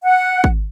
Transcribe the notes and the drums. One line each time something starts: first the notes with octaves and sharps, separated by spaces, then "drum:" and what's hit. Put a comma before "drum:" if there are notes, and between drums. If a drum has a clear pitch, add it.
F#5
drum: kick